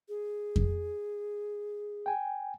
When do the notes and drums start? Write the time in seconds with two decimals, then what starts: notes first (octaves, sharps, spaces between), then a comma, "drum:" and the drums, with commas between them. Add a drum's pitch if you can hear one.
0.09 G#4
0.56 drum: kick F2
2.06 G5 G#5